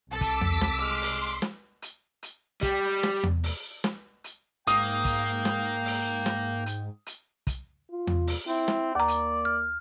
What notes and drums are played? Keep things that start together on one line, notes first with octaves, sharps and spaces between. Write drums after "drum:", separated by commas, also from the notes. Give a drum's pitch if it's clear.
C2 A4 A5 D6 E6 B6
drum: kick, hi-hat
drum: tom E2
drum: snare
G#3 C6 D6 F6
drum: open hi-hat
drum: snare
drum: hi-hat
drum: hi-hat
G3, drum: kick, hi-hat
drum: snare
drum: tom E2
drum: open hi-hat
drum: snare
drum: hi-hat
G#2 A#3 G5 D#6, drum: hi-hat
drum: kick, hi-hat
drum: snare
drum: open hi-hat
drum: snare
drum: hi-hat
drum: hi-hat
drum: kick, hi-hat
F4
drum: tom E2
drum: open hi-hat
C4 E4
drum: snare
D#2 A#3 D5 A#5
drum: hi-hat
F6